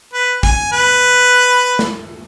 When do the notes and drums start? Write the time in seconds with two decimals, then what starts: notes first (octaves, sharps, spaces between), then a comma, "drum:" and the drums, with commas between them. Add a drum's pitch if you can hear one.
0.13 B4
0.43 G#5, drum: kick
0.72 B4
1.79 drum: snare